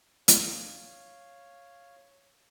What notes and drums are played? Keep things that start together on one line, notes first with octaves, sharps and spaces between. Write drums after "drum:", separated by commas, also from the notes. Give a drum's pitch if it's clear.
C#5 F5, drum: hi-hat